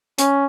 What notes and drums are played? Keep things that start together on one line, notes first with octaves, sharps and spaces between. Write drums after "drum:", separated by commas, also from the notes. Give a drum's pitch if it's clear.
C#4, drum: hi-hat